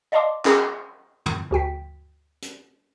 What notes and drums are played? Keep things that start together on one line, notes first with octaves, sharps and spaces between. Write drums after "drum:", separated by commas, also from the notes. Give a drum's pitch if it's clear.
D5 D#5 F5 A5 C6 D6
C#4 G#4 A#5 D6, drum: clap
drum: tom
D2 F#4 G5 B6
drum: hi-hat